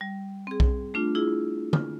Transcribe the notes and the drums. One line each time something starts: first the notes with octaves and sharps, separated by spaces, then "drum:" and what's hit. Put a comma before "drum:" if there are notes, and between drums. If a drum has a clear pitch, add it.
G3
C4 G#4
drum: kick B1
A3 D4 F4
E4 F4 G#4
F6, drum: tom